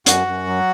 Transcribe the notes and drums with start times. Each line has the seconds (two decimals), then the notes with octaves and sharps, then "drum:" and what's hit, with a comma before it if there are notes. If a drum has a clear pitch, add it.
0.06 F#2 F#4 F#5, drum: hi-hat
0.27 F#2
0.47 F#3